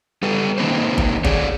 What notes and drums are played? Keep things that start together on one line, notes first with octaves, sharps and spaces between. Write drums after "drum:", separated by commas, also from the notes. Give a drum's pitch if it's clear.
G3 A4 B4
D#3 A#3 C#4 D#4 B4 C5
drum: kick G1
G#4 C#5 D5, drum: kick G1